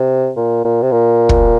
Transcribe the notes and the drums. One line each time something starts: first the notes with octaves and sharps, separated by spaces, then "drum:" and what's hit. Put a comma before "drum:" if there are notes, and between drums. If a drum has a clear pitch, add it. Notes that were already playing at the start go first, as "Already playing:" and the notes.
Already playing: C3
A#2
A#2
C3
A#2
drum: kick